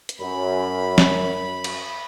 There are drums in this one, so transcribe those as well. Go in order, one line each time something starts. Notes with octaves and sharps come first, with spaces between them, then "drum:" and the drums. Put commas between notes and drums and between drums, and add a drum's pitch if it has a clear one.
drum: hi-hat
F#2 B5
drum: snare
drum: cymbal